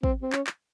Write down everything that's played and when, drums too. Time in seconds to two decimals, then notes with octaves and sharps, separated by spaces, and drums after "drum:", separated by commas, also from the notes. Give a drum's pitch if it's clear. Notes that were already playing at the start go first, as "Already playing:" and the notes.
0.03 C4, drum: kick
0.22 C4
0.32 C#4, drum: clap
0.47 drum: clap